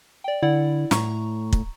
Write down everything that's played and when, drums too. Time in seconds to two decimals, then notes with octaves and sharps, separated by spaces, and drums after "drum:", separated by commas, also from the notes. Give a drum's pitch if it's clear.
0.24 D5 G5
0.42 D3 E4 D5 F#5
0.91 A2 A#5 C#6, drum: snare
1.53 drum: kick